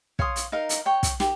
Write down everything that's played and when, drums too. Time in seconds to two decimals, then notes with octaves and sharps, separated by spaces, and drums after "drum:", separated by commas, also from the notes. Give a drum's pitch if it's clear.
0.19 C#5 F5 C6 D#6, drum: kick
0.36 drum: hi-hat
0.52 D#4 A#4 F5
0.69 drum: hi-hat
0.86 C#5 G5 C#6
1.03 drum: kick, hi-hat
1.20 G4, drum: snare